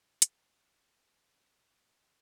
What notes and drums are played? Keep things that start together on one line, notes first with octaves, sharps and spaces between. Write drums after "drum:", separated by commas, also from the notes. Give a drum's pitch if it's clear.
D#3 E3 A#3 E4 E5, drum: hi-hat
G4
C#4 A#4
C#3 F3 D4 D#4 A4
A#2